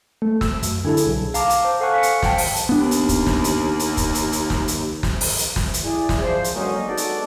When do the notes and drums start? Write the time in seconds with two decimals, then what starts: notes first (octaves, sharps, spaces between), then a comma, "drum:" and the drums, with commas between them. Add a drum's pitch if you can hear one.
0.22 A3
0.41 E6, drum: snare
0.63 F#2, drum: hi-hat
0.85 D3 E4 G#4 A4
0.97 drum: hi-hat
1.07 B1
1.34 F5 A5 A#5 D6, drum: hi-hat
1.50 A#5, drum: hi-hat
1.64 C5
1.80 A4 F5 F#5 G#5 C#6 F#6
1.94 B6 C#7
2.03 drum: hi-hat
2.23 C5 F5 G5 A5, drum: snare
2.38 drum: open hi-hat
2.56 drum: hi-hat
2.69 D#2 B3 D4
2.91 drum: hi-hat
3.09 drum: kick, hi-hat
3.26 drum: snare
3.44 drum: hi-hat
3.79 drum: hi-hat
3.97 drum: kick, hi-hat
4.15 drum: hi-hat
4.32 drum: hi-hat
4.50 drum: snare
4.68 drum: hi-hat
5.03 drum: snare
5.21 drum: open hi-hat
5.38 drum: hi-hat
5.56 drum: snare
5.74 drum: hi-hat
5.84 E4 G#4 D5
6.09 drum: snare
6.21 F3 C5
6.44 drum: hi-hat
6.54 D3 F#3 G#3 A#3 C#4 D#4
6.86 G#3 B3 D#4 F#4 A4 D5
6.97 drum: hi-hat